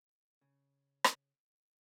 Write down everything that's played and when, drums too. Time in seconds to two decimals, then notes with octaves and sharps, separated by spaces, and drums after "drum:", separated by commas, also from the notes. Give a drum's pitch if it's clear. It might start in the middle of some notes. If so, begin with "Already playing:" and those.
0.41 C#3
1.04 drum: rim click